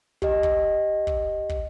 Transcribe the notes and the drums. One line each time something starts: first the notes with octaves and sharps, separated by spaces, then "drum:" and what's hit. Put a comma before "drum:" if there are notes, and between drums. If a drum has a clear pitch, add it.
G4 D#5, drum: kick
drum: kick
drum: kick
drum: kick